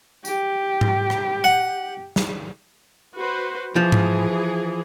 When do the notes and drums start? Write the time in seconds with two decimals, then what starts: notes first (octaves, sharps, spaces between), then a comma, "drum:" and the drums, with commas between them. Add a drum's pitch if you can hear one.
0.25 G4, drum: tambourine
0.81 drum: tom G#2
1.10 drum: rim click
1.44 F#5
2.16 drum: snare
3.16 F#4 B4 C5
3.76 E3 F3 G#4
3.92 drum: tom G#2